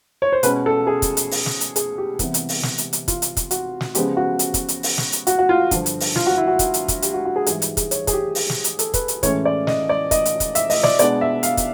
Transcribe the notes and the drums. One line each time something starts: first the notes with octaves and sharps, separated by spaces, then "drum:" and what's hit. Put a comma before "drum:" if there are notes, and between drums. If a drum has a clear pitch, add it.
C#5
C5
B2 G#3 C#4 B4, drum: hi-hat
A4
G#4
drum: kick, hi-hat
drum: hi-hat
drum: open hi-hat
drum: snare
drum: hi-hat
G#4, drum: hi-hat
G4
C3 E3 G3 B3, drum: kick, hi-hat
drum: hi-hat
drum: open hi-hat
drum: snare
drum: hi-hat
drum: hi-hat
F4, drum: kick, hi-hat
drum: hi-hat
drum: kick, hi-hat
F#4, drum: hi-hat
drum: snare
C#3 F3 G#3 B3 G4, drum: hi-hat
F#4
drum: hi-hat
drum: kick, hi-hat
drum: hi-hat
drum: open hi-hat
drum: snare
drum: hi-hat
F#4, drum: hi-hat
F#4
F4
G2 D3 F3, drum: kick, hi-hat
drum: hi-hat
drum: open hi-hat
F4, drum: snare
F#4
E4
F#4
drum: kick, hi-hat
drum: hi-hat
drum: kick, hi-hat
G4, drum: hi-hat
F#4
F#4
G#4
G#2 E3 G3 G#4, drum: hi-hat
drum: hi-hat
G#4, drum: kick, hi-hat
C#5, drum: hi-hat
G#4, drum: kick, hi-hat
G4
drum: open hi-hat
drum: snare
drum: hi-hat
A4, drum: hi-hat
B4, drum: kick, hi-hat
drum: hi-hat
A2 E3 G#3 C#4 C#5, drum: kick, hi-hat
D5
D#5, drum: snare
D5
D#5, drum: kick, hi-hat
drum: hi-hat
drum: kick, hi-hat
E5, drum: hi-hat
D#5, drum: open hi-hat
D5, drum: snare
B2 G#3 B3 D4 D5, drum: hi-hat
E5
F5, drum: hi-hat
drum: kick, hi-hat